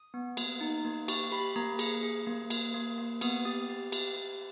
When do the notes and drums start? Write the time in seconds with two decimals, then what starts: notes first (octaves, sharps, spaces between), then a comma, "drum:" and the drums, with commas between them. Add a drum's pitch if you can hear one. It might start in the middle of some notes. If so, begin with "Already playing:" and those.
Already playing: D#6
0.14 B3
0.37 A#3, drum: cymbal
0.61 D#4
0.85 A#3
1.08 G4 C#6, drum: cymbal
1.32 G4 B5
1.56 A#3 A#5
1.79 G#4, drum: cymbal
2.03 G#4
2.27 A#3
2.50 A#3, drum: cymbal
2.74 A#3
2.98 A#3
3.21 B3 D#6, drum: cymbal
3.45 G4 D#6
3.69 G4
3.92 G4, drum: cymbal
4.16 G4